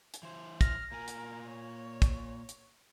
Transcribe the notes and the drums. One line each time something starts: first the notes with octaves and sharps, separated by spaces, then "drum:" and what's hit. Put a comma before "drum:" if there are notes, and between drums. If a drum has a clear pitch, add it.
drum: hi-hat
E3 C5
F6 A#6, drum: kick, hi-hat
A#2 A#4 G#5
drum: hi-hat
C#5
drum: kick, hi-hat
drum: hi-hat